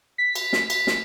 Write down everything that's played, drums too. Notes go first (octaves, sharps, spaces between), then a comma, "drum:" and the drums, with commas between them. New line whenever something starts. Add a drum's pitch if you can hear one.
B6
drum: cymbal
drum: snare
drum: cymbal
drum: snare